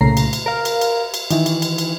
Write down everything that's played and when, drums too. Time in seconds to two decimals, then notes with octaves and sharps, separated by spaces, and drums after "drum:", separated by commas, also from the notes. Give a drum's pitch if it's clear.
0.01 C2 A#2 C#3 A3 A#5 C7
0.17 drum: cymbal
0.33 drum: cymbal
0.46 A#4 F5
0.65 drum: cymbal
0.81 drum: cymbal
1.14 drum: cymbal
1.30 D#3 E3, drum: cymbal
1.46 drum: cymbal
1.62 drum: cymbal
1.78 drum: cymbal